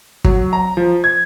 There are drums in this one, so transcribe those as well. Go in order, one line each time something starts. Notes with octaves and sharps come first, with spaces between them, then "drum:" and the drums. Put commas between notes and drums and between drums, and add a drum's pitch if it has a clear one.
F#3, drum: kick
A#5
F3
G#6